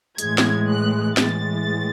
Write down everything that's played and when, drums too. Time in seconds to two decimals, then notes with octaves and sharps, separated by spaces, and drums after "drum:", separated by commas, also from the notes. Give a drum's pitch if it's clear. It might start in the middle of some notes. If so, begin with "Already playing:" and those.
0.18 A2 E3 G#3 G#6, drum: hi-hat
0.38 drum: snare
0.68 F#6
1.17 A2 E3 G#3 A6, drum: snare